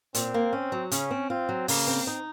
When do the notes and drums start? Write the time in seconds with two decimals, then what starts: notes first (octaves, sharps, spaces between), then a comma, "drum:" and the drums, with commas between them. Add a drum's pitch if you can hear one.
0.14 A#2 C4, drum: hi-hat
0.34 A#3
0.53 C#4
0.72 F#3
0.91 C#3 C#4, drum: hi-hat
1.11 C4
1.30 C4 F4
1.49 F#3
1.68 C#3 A#3, drum: open hi-hat
1.87 C4
2.07 D#4